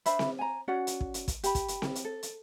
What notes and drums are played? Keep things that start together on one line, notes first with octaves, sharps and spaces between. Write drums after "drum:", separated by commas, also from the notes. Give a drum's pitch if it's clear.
D4 C5 E5 B5, drum: hi-hat
drum: snare C4
G#5 A#5
C#4 F#4 D5 F#5
drum: hi-hat
drum: kick
drum: hi-hat
drum: kick, hi-hat
G4 B5, drum: hi-hat
drum: kick, hi-hat
drum: hi-hat
drum: snare C4
drum: hi-hat
A4
drum: hi-hat